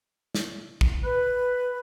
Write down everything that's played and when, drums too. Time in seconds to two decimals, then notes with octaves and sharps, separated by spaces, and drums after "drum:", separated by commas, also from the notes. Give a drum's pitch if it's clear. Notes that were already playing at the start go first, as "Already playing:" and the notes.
0.35 drum: snare
0.81 drum: kick
1.04 B4